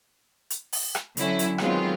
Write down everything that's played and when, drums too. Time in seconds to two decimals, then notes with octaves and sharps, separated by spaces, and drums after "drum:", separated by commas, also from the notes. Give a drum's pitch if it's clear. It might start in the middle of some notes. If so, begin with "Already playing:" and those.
0.50 drum: hi-hat
0.73 drum: open hi-hat
0.95 drum: rim click
1.17 D3 F#3 C#4 E4, drum: hi-hat
1.39 drum: hi-hat
1.58 D#3 F#3 G#3 B3 C4 F4, drum: rim click